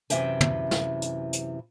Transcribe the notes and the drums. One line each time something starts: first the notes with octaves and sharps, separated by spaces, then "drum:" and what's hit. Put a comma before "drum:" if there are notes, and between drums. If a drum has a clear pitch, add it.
F#2 C3 E3 E5 G5 G#5, drum: hi-hat
drum: tom
drum: snare
drum: hi-hat
drum: hi-hat